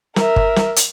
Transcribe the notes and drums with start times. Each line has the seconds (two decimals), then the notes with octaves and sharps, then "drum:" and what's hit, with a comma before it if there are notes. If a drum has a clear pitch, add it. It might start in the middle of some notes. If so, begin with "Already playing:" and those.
0.16 A#4 E5, drum: snare
0.36 drum: kick
0.56 drum: snare
0.76 drum: hi-hat